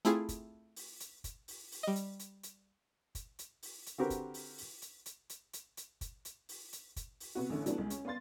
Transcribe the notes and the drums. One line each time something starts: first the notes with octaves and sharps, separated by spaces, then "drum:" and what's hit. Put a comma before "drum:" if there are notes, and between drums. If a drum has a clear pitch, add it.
A3 C4 E4 F4 G#4, drum: hi-hat
drum: kick, hi-hat
drum: open hi-hat
drum: hi-hat
drum: kick, hi-hat
drum: open hi-hat
drum: open hi-hat
G3 D#5
drum: hi-hat
drum: hi-hat
drum: hi-hat
drum: kick, hi-hat
drum: hi-hat
drum: open hi-hat
drum: hi-hat
D3 C4 F#4 G4 A#4 B4
drum: kick, hi-hat
drum: open hi-hat
drum: open hi-hat
drum: hi-hat
drum: hi-hat
drum: hi-hat
drum: hi-hat
drum: hi-hat
drum: kick, hi-hat
drum: hi-hat
drum: open hi-hat
drum: hi-hat
drum: kick, hi-hat
drum: open hi-hat
C3 B3 F#4
A1 D3 C#4
F#3 A3 B3 D4 E4, drum: hi-hat
C#2
C#4, drum: hi-hat
B3 D5 F5 C6 A6